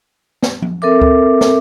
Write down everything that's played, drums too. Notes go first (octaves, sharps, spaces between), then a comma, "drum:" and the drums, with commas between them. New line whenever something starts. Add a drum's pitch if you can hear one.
drum: snare
drum: tom F3
C4 A4 A#4 E5 D6
drum: kick C#2
drum: snare